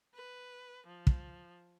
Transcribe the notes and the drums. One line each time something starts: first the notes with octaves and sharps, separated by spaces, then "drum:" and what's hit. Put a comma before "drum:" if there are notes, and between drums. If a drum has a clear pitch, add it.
B4
F3
drum: kick